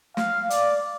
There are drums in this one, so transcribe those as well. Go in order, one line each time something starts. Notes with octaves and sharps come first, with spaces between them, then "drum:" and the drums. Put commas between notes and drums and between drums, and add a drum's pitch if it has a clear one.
F5, drum: snare
D5, drum: hi-hat